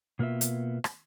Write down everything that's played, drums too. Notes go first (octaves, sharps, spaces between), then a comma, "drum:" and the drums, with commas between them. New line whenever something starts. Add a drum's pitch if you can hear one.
B2 A#3 B3 F4 E5
drum: hi-hat
drum: rim click